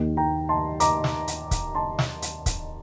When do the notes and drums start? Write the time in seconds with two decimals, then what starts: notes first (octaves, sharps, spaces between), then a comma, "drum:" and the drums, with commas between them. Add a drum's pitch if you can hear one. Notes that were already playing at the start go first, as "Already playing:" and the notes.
Already playing: D#2 D#3
0.17 G5 A#5
0.49 A5 C6
0.80 A#5 D6, drum: hi-hat
1.04 drum: snare
1.28 drum: hi-hat
1.51 drum: kick C#1, hi-hat
1.75 A5 C6
1.99 drum: snare
2.22 drum: hi-hat
2.46 drum: kick C#1, hi-hat